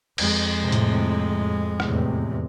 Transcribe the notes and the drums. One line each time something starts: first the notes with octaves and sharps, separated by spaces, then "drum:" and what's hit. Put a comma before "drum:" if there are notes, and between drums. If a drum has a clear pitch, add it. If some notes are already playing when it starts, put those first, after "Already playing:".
F2 G#3, drum: cymbal
A2 C3
drum: hi-hat
E2 A2 C3, drum: rim click